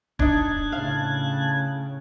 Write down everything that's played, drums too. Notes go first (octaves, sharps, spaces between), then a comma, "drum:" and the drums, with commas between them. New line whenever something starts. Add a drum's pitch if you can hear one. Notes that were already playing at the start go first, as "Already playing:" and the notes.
D4 D#4 A5 F#6 G#6, drum: kick D1
A2 C#3 F5